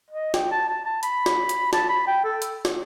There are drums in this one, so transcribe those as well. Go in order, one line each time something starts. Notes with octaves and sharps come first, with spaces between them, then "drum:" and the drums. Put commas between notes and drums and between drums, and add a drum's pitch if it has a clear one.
D#5
G5, drum: snare
A5
A5
A5
B5, drum: hi-hat
drum: snare
drum: hi-hat
A5, drum: snare
B5
G5
A4
drum: hi-hat
drum: snare